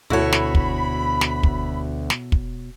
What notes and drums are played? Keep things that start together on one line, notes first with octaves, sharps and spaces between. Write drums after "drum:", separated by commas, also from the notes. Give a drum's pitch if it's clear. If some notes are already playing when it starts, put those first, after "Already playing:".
D2 B2 E4 F#4 A4 C#5 B5
drum: snare
drum: kick
drum: snare
drum: kick
drum: snare
drum: kick